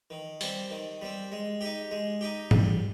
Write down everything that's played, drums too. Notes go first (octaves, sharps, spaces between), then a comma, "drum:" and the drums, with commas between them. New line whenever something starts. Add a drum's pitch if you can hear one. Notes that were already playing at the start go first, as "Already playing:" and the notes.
D#3
G3 C4, drum: open hi-hat
D#3
G3 C4
G#3
D#4 G4
G#3
D#4 G4
G3, drum: tom G#2